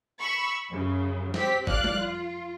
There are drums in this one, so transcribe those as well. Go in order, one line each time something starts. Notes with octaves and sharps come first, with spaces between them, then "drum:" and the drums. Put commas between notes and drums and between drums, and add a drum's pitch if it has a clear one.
B5 C#6 E6
F#2 C#3
C4 G4 B6, drum: snare
F2 D5 F5 F#6, drum: kick G1
drum: tom G3
F4